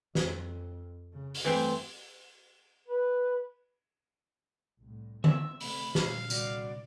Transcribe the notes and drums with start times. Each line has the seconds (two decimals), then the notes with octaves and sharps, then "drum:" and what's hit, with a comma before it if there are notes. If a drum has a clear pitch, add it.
0.15 F2, drum: snare
1.14 C#3
1.34 drum: open hi-hat
1.45 G2 E3 A3 C4 C5
2.88 B4
4.79 C2 A2
5.24 C4 E5 E6, drum: tom
5.60 C3 A3 C4 B5, drum: open hi-hat
5.95 A#2 D3 G3 F5, drum: snare
6.30 C2 F#4 D5, drum: tambourine